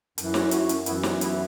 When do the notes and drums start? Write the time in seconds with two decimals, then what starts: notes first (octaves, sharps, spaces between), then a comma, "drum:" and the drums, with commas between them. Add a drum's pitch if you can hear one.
0.18 F#2 E3, drum: hi-hat
0.34 C#4 F#4, drum: snare
0.51 C#4 F#4, drum: hi-hat
0.69 C#4 F#4, drum: hi-hat
0.86 F#2 E3 B3 E4, drum: hi-hat
1.03 F#3 B3, drum: snare
1.21 B3 E4, drum: hi-hat